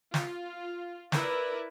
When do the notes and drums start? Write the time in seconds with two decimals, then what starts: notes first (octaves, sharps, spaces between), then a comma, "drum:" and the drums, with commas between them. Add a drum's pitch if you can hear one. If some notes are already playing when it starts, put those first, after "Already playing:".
0.14 F4, drum: snare
1.12 E4 A#4 B4 D5, drum: snare